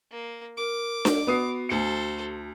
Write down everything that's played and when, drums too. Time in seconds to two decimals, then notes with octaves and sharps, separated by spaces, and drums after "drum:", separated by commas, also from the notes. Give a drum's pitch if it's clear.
0.11 A#3
0.57 A#4 D6
1.05 drum: snare D4
1.27 B3 F#4 D#6 C7
1.69 D2 A4 C5 C#7